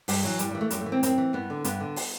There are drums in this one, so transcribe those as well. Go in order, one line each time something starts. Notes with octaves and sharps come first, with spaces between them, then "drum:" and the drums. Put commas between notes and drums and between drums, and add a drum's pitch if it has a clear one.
G2 G3, drum: open hi-hat
E3 F#3
G2 G3, drum: hi-hat
E3 G3
A3
F#2 G3, drum: hi-hat
A3
E3
C4
F#2 C4, drum: hi-hat
E3
G2 B3
D3
G2 B3, drum: hi-hat
D3
drum: open hi-hat